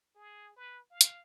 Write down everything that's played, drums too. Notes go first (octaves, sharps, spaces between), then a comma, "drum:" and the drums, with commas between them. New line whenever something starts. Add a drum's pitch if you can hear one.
G#4
B4
F5
drum: hi-hat